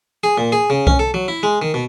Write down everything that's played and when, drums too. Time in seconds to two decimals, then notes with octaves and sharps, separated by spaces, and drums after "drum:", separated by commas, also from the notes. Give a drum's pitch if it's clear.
0.24 G#4
0.38 A#2
0.52 G#4
0.70 C#3
0.87 C#4, drum: kick C2
0.99 A4
1.14 F#3
1.28 E4
1.43 G#3
1.62 D#3
1.74 B2